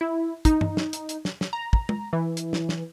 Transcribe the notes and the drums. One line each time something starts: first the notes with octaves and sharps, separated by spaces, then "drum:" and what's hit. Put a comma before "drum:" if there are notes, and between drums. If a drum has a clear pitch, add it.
E4
D#4, drum: kick, hi-hat
drum: tom G2
drum: snare
drum: hi-hat
drum: hi-hat
drum: snare
drum: snare
A#5
drum: kick
drum: tom
E3
drum: hi-hat
drum: snare
drum: snare